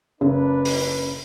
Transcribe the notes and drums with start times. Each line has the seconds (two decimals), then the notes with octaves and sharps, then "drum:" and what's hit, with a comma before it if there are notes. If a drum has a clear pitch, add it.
0.21 F#1 C#3 D4 B4
0.65 drum: open hi-hat